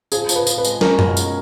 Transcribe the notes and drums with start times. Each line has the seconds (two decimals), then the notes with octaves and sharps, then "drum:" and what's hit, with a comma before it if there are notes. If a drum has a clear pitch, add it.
0.12 F3 G#4, drum: tambourine
0.29 F3, drum: tambourine
0.35 B4
0.47 F3, drum: tambourine
0.58 B4
0.65 G#3, drum: tambourine
0.81 C#4 A#4, drum: snare
0.99 B2, drum: tom
1.17 G#3, drum: tambourine